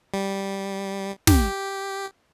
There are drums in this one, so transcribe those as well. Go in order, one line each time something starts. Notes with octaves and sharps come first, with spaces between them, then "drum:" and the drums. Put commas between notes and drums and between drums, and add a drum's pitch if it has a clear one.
G3
G4, drum: snare